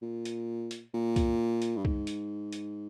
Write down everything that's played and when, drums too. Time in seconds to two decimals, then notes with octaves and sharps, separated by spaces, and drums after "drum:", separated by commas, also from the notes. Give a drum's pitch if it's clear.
0.02 A#2
0.25 drum: hi-hat
0.71 drum: hi-hat
0.94 A#2
1.16 drum: kick, hi-hat
1.62 drum: hi-hat
1.77 G2
1.85 G#2, drum: kick
2.07 drum: hi-hat
2.52 drum: hi-hat